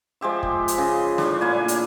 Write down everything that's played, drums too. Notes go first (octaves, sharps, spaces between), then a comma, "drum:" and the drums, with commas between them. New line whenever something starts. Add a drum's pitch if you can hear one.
F3 G#3 G4 E5
drum: kick
drum: hi-hat
C#3 D#5
A2 D4, drum: snare
A#2 A#3 E4 G#5
drum: hi-hat